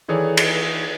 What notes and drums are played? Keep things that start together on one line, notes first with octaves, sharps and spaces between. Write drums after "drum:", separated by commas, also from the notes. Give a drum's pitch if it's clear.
D#3 E3 G#4 A4 C#5 D5
drum: cymbal